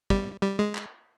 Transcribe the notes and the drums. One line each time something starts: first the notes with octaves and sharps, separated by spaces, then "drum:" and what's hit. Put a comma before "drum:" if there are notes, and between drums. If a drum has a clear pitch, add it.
G3, drum: kick
G3
G#3
drum: clap